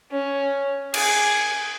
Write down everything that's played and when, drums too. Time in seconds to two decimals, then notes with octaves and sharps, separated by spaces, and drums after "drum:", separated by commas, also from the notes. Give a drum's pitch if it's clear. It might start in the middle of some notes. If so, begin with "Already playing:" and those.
0.11 C#4
0.94 G#4, drum: cymbal